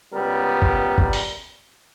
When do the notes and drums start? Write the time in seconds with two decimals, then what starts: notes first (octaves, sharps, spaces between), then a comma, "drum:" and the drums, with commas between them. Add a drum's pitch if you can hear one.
0.13 C#2 G3 B3 A#4
0.62 drum: kick
0.98 drum: kick
1.13 drum: open hi-hat